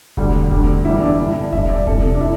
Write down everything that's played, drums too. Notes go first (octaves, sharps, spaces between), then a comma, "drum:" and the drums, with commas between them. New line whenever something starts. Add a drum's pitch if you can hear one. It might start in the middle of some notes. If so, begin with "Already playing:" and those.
D2 D3 G3, drum: kick E1
D2 D3 G3, drum: kick E1
E2 E3 G3 E4
D4
G2 D3 G3 E4
G2 G3 E5, drum: kick E1
D5
C2 C3 G3 A4, drum: kick E1
D4
E4